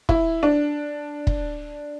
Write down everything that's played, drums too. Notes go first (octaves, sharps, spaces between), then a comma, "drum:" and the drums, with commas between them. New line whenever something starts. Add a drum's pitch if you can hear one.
E4, drum: kick
D4
drum: kick